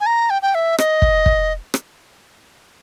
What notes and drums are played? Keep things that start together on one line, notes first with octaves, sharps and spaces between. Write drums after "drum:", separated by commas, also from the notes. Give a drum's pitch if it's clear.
G#5
A#5
G5
G5
E5
D#5, drum: rim click
drum: kick
drum: kick
drum: rim click